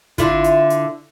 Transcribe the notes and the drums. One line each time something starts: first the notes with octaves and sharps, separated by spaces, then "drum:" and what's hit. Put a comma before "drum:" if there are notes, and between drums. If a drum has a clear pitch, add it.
D3 E4 F4, drum: kick G#1, hi-hat
drum: hi-hat
drum: hi-hat